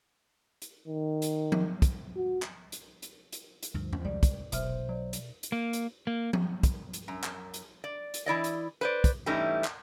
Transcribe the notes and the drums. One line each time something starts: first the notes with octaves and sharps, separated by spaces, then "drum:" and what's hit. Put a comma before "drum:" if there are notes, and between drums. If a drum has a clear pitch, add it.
drum: hi-hat
D#3
drum: hi-hat
drum: tom F3
drum: kick, hi-hat
F#4
drum: clap
drum: hi-hat
drum: hi-hat
drum: hi-hat
drum: hi-hat
D2 G2 F3
drum: tom E2
C2 G3 G#3 D5
drum: kick, hi-hat
F1 B1 B2 C5 E5 F6, drum: hi-hat
F#3 D5
drum: hi-hat
drum: hi-hat
A#3
drum: hi-hat
A#3
drum: tom F3
drum: kick, hi-hat
drum: hi-hat
F#2
drum: clap
drum: hi-hat
D5
drum: hi-hat
E3 E4 D5 D#5
drum: hi-hat
B4 C5 D5
drum: kick, hi-hat
E3 G3 A3 C#4 D#4 E4
drum: clap